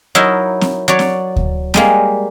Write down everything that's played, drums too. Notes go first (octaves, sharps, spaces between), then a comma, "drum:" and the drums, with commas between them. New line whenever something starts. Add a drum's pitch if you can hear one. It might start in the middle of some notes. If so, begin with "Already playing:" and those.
F#3 D#4 E4 A#4 E5
drum: snare C4
F#3 C#5 D5
drum: snare C4
drum: kick D2
G3 G#3 A#3, drum: snare C4